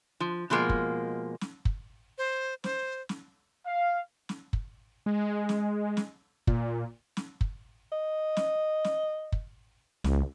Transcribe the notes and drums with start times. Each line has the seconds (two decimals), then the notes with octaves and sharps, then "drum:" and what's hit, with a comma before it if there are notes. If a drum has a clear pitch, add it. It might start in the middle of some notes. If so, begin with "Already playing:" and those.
0.20 F3
0.50 B2 F3 G#3 A#3
0.69 drum: kick
1.41 drum: snare
1.65 drum: kick
2.18 C5
2.64 C5, drum: snare
3.09 drum: snare
3.66 F5
4.29 drum: snare
4.53 drum: kick
5.06 G#3
5.49 drum: snare
5.97 drum: snare
6.47 A#2, drum: kick
7.17 drum: snare
7.41 drum: kick
7.92 D#5
8.37 drum: snare
8.84 drum: snare
9.32 drum: kick
10.04 C#2, drum: snare